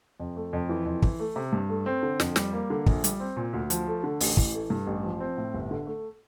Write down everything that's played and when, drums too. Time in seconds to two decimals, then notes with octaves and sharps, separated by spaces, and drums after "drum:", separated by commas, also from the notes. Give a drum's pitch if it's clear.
0.20 F2
0.36 A3
0.53 F2
0.69 E3
0.86 F2
1.02 E3, drum: kick
1.20 A3
1.36 C3
1.53 G2
1.69 A3
1.86 C4
2.03 D3
2.20 F2, drum: snare
2.36 G3, drum: snare
2.53 A#3
2.70 D3
2.86 A#1, drum: kick
3.04 G3, drum: hi-hat
3.20 C4
3.36 A#2
3.53 D2
3.70 F3, drum: hi-hat
3.87 A3
4.04 D3
4.20 A1, drum: open hi-hat
4.37 E3, drum: kick
4.54 A3
4.70 G2
4.87 A1
5.04 F3
5.20 C4
5.37 A2
5.54 G1
5.71 D3
5.87 A3